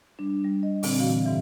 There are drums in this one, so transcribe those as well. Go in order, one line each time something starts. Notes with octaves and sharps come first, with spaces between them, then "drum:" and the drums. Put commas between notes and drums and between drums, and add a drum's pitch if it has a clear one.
G3 D4
G3
D#5
A#2 D3 C4, drum: open hi-hat
A#2 E3 F#4 F5
G#2 C#3 E3 E5